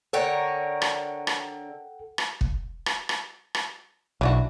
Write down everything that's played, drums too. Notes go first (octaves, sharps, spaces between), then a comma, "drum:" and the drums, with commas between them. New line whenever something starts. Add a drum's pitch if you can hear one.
D3 A4 A#4 C#5 F#5 G5
drum: rim click
drum: rim click
drum: rim click
drum: kick
drum: rim click
drum: rim click
drum: rim click
B1 E3 D4 F#4